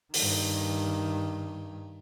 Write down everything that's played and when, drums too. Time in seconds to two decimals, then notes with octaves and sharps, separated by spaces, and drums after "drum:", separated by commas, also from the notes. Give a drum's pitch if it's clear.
0.14 G2 D#3, drum: open hi-hat